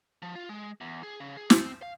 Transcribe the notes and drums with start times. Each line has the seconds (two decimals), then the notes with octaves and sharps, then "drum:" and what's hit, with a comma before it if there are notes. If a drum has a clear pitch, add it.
0.22 F3
0.35 F4
0.49 G#3
0.81 E2
1.03 G#4
1.20 C#3
1.37 G#4
1.50 C4, drum: snare
1.83 F5